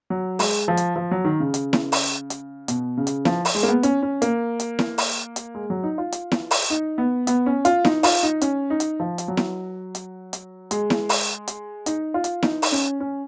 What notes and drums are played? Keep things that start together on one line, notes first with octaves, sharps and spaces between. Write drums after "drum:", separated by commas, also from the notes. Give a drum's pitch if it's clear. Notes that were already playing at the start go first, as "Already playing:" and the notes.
F#3
G#3, drum: open hi-hat
F3
drum: hi-hat
F3
F#3
D#3
C#3
drum: hi-hat
drum: snare E4
drum: open hi-hat
drum: hi-hat
B2, drum: hi-hat
C#3
drum: hi-hat
F3, drum: snare E4
drum: open hi-hat
G#3
A#3
B3
C#4, drum: hi-hat
C#4
A#3, drum: hi-hat
drum: hi-hat
drum: snare E4
drum: open hi-hat
drum: hi-hat
G#3
F#3
D#4
F4
drum: hi-hat
drum: snare E4
drum: open hi-hat
D#4
B3
B3, drum: hi-hat
C#4
F4, drum: hi-hat
D#4, drum: snare E4
F4, drum: open hi-hat
D#4
C#4, drum: hi-hat
D#4
drum: hi-hat
F3
drum: hi-hat
F#3
drum: snare E4
drum: hi-hat
drum: hi-hat
G#3, drum: hi-hat
drum: snare E4
drum: open hi-hat
drum: hi-hat
D#4, drum: hi-hat
F4
drum: hi-hat
D#4, drum: snare E4
drum: open hi-hat
C#4
C#4